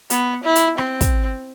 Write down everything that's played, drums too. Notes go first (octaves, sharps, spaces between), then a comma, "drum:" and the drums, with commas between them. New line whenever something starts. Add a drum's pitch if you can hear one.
B3, drum: hi-hat
E4
drum: hi-hat
C4, drum: rim click
drum: kick, hi-hat